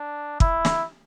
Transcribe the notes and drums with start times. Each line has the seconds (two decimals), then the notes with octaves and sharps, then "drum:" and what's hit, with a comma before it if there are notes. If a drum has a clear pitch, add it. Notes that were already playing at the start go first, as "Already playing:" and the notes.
Already playing: D4
0.40 E4, drum: kick
0.65 drum: snare